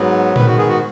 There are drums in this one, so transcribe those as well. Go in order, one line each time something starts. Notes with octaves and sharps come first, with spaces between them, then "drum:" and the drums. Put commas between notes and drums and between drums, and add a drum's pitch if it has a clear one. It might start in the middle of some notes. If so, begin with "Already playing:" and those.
Already playing: G#2 F#3 B3
G#2 D#3 B3 B4, drum: tom A#2
F#4
G#4
F#4